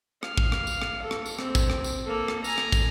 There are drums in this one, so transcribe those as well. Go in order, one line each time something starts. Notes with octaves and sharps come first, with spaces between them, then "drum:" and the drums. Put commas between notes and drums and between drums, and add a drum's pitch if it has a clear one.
F5, drum: rim click
drum: kick
drum: rim click
drum: tambourine
drum: rim click
A4
drum: rim click
drum: tambourine
C4, drum: rim click
drum: kick, tambourine
drum: rim click
drum: tambourine
A#3 A4
drum: rim click
G#5 A#5, drum: tambourine
drum: rim click
drum: kick, tambourine